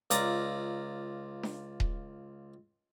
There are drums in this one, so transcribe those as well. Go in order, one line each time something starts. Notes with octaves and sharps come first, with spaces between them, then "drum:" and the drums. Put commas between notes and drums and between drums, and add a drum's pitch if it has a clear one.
C#2 F4 D5 A#5, drum: hi-hat
drum: snare D4
drum: kick D#1